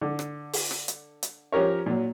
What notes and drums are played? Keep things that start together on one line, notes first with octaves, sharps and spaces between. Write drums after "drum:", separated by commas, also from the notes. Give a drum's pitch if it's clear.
D3
drum: rim click
drum: open hi-hat
drum: rim click
drum: hi-hat
drum: hi-hat
F3 C#4 G4 A#4 C#5
A#2 F#3